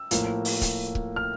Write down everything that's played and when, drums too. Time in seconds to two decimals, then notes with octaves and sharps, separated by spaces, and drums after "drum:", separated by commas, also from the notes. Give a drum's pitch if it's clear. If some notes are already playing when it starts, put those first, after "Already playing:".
Already playing: E6
0.11 A2 F3 A#3, drum: hi-hat
0.45 drum: open hi-hat
0.62 drum: kick C#1, hi-hat
0.95 drum: kick C#1
1.16 F6